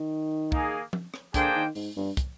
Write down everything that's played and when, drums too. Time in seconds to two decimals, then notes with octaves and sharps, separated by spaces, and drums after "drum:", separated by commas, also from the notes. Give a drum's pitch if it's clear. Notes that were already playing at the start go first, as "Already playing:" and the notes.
Already playing: D#3
0.52 A#3 D#4 G#4, drum: kick
0.93 drum: tom F3
1.14 drum: rim click
1.34 D3 A#3 D4 G#4 C5 G5, drum: kick, hi-hat
1.55 D#3
1.75 G#2, drum: open hi-hat
1.96 G2
2.17 drum: kick, hi-hat